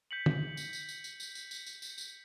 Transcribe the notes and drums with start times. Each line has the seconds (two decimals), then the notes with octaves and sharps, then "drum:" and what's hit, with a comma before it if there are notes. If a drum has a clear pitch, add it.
0.11 G6 B6 C#7 F#7
0.26 drum: tom
0.57 drum: tambourine
0.73 drum: tambourine
0.89 drum: tambourine
1.04 drum: tambourine
1.20 drum: tambourine
1.35 drum: tambourine
1.51 drum: tambourine
1.67 drum: tambourine
1.82 drum: tambourine
1.98 drum: tambourine